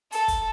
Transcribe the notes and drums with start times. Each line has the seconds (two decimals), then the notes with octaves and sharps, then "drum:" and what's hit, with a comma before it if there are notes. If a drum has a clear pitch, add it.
0.12 A4, drum: hi-hat
0.28 drum: kick, hi-hat